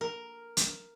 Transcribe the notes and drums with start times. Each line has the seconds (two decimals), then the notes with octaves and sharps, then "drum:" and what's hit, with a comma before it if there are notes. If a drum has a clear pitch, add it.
0.01 A#4
0.57 drum: hi-hat